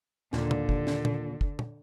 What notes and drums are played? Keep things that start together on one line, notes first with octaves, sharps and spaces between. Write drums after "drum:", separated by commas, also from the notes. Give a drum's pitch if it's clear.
D#2 A#2 D3, drum: snare
drum: tom
drum: kick
drum: snare
drum: tom
drum: kick
drum: tom